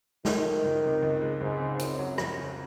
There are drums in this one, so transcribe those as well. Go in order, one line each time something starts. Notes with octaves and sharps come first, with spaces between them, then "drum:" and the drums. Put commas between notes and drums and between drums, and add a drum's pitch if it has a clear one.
D#3 G#3, drum: snare
F3
C#2
C3
C#2
G#3
C#2 G#2
C#3
F#2 C4, drum: hi-hat
F#3
F2, drum: rim click
C#3